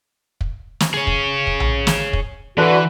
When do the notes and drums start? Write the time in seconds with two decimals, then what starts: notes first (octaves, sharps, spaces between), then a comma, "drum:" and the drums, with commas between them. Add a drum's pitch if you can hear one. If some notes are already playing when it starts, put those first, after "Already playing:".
0.41 drum: kick
0.80 drum: snare
0.94 G#4 C#5
1.07 drum: kick
1.47 drum: kick
1.60 drum: tom A#1
1.87 drum: snare
2.13 drum: kick
2.58 D3 E3 F#4 B4